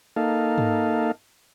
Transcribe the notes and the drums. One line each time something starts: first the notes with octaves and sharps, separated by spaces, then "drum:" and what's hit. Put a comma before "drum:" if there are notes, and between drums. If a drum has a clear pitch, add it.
A#3 D#4 A4 F5
drum: tom G#2